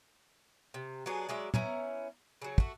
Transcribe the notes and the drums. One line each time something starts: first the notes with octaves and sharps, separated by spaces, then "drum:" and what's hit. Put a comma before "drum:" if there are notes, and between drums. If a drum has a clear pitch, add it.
C3
F#3 B3 D4 G#4
F#3 G#3 D5 E5
B3 C#4 E4 A#5, drum: tom
C#3 F#3
A3 F#4, drum: kick